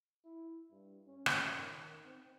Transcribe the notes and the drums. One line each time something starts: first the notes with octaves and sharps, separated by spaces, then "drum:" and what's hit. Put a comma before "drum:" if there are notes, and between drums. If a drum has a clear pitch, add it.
E4
G2
C#4
drum: rim click
D#3
C4